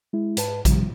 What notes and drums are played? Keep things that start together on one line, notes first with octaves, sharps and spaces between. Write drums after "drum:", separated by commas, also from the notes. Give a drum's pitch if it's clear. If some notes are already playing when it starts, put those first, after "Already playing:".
G#3 E4
G#2 B4 A5, drum: hi-hat
G2 C3 D#3 F3 G3, drum: kick A#1, hi-hat